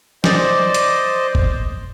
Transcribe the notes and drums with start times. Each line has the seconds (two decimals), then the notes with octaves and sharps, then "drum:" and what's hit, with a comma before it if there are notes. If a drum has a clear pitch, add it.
0.24 C5 D5 D#5, drum: snare
0.74 drum: hi-hat
1.35 drum: kick